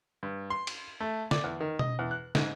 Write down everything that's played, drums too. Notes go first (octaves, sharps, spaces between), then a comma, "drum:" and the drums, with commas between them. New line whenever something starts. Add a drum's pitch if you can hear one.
G2
C6
drum: cymbal
A3
D5, drum: snare
E2
D#3
D#5, drum: tom B2
E2
F#6
G#2, drum: snare